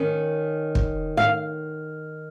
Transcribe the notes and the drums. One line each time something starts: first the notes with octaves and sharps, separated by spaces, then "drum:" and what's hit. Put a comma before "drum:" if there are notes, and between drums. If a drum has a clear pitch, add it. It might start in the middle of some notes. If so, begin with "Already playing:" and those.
Already playing: D#3 C#4
drum: kick
F5